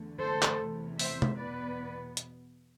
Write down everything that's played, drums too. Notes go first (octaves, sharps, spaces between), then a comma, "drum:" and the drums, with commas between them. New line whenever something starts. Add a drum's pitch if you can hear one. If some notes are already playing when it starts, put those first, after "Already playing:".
Already playing: E2 D3 A3
A4 C5
drum: clap
E2 C3 E3 A3
C5 E5, drum: open hi-hat
drum: tom C3
E2 B2 B3 B4 D5
drum: hi-hat